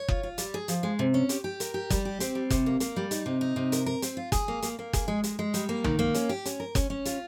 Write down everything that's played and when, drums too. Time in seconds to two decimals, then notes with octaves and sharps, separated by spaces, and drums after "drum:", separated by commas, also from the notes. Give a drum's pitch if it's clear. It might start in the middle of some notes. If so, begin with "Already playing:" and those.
Already playing: C#5
0.08 F4, drum: kick F#1
0.23 F4
0.38 G3, drum: hi-hat
0.54 G#4
0.68 F3, drum: hi-hat
0.83 G#3
0.99 C3
1.14 C#4
1.29 G4, drum: hi-hat
1.44 G4
1.60 A#4, drum: hi-hat
1.74 G4
1.90 G3, drum: kick F#1, hi-hat
2.05 G4
2.20 C4, drum: hi-hat
2.35 G3
2.50 C3, drum: kick F#1, hi-hat
2.66 A#3
2.80 A#3, drum: hi-hat
2.96 G3
3.11 D#4, drum: hi-hat
3.26 C3
3.41 D#4
3.56 C3
3.72 A#4, drum: hi-hat
3.86 A#4
4.02 C4, drum: hi-hat
4.17 F4
4.32 G#4, drum: kick F#1, hi-hat
4.48 A#3
4.62 A#3, drum: hi-hat
4.79 A#3
4.93 G#4, drum: kick F#1, hi-hat
5.08 G#3
5.24 G#3, drum: hi-hat
5.39 G#3
5.54 G3, drum: hi-hat
5.69 A#3
5.84 D#3, drum: tom
5.99 A#3
6.14 C#4, drum: hi-hat
6.29 G4
6.45 C#4, drum: hi-hat
6.60 A#4
6.75 C#4, drum: kick F#1, hi-hat
6.90 C#4
7.05 F4, drum: hi-hat